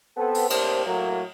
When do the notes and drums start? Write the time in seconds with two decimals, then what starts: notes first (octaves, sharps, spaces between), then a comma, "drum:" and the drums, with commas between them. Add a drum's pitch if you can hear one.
0.17 B3 C4 A4
0.35 drum: open hi-hat
0.50 A2 C3 A#3 D4 G4 C5, drum: cymbal
0.86 A2 F#3 A#3